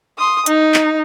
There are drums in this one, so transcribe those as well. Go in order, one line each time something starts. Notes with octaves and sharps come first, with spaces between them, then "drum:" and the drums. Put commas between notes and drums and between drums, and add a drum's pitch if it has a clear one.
C6 D#6
D#4, drum: hi-hat
drum: clap